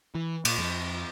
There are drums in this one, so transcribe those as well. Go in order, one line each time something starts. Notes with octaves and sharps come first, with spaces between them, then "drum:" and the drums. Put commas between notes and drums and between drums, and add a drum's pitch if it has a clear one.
E3
A#2, drum: cymbal
F2